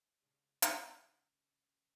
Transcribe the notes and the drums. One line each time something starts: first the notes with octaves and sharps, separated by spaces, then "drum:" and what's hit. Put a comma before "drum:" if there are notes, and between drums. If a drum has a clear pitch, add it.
C#3 G#3 C#4 D4
drum: hi-hat